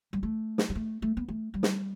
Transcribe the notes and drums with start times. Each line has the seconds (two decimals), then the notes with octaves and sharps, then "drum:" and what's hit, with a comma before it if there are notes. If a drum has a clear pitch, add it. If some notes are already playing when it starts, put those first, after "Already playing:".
0.13 G3
0.23 A3
0.58 drum: snare
0.70 G3
0.75 A3
1.02 A3
1.17 B3
1.28 A3
1.54 G3
1.63 drum: snare